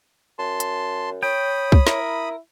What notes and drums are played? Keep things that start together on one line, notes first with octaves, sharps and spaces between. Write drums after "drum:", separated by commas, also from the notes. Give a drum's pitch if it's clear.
F#2 A5 C6
drum: hi-hat
C#5 G5 B5 D#6
drum: kick C2
E4 A#4, drum: snare